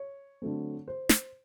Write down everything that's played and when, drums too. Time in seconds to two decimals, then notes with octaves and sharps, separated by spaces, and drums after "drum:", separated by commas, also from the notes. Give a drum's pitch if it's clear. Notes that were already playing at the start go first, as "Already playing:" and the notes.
Already playing: C#5
0.42 D3 F#3 A3 C4
0.88 C5
1.09 drum: snare